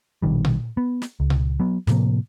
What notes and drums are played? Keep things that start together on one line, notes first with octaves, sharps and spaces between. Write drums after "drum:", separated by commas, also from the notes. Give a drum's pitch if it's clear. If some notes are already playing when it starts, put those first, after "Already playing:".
A#1 B2 D#3 G3
drum: tom A#2
B3
drum: snare
C#2
drum: tom A#2
F#3 B3
A2 C3 F3 A#3, drum: snare